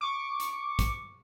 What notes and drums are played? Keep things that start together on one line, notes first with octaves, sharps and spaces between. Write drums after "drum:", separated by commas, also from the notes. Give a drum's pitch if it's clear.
C#6 D6
drum: hi-hat
drum: kick, hi-hat